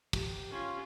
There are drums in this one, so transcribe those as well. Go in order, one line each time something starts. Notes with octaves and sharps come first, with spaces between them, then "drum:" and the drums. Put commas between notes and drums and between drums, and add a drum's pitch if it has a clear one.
G4, drum: kick, cymbal
C#4 F4